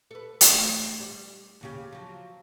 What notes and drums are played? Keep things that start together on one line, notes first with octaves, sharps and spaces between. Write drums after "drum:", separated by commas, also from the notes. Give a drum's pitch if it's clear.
A4 B4
E2 A3 D4, drum: hi-hat
G3
D#2 C#3 G4
F3 F#3